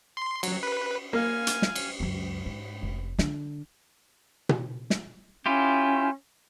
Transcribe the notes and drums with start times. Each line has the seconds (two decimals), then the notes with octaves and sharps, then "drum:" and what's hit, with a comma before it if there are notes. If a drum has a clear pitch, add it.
0.17 C6
0.43 F#3, drum: cymbal
0.63 B4
1.13 A#3 F5 G#5
1.47 drum: hi-hat
1.62 drum: snare
1.75 drum: cymbal
2.00 C#2 F#2
2.46 G#2
2.83 F1
3.18 D3, drum: snare
4.49 drum: tom B2
4.90 drum: snare
5.46 C#4 E4 F4 G4